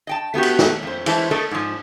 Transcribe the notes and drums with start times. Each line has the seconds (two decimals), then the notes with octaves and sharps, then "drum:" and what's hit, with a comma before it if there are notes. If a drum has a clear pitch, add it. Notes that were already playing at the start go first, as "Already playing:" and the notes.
0.07 D#5 G5 A5
0.34 A3 B3 F#4 G4
0.43 drum: cymbal
0.59 drum: snare
0.83 F2 C5
1.06 E3 G#3 A3 E4 C5 A5, drum: cymbal
1.31 A3 A4 A#4 D#5
1.51 G#2 F3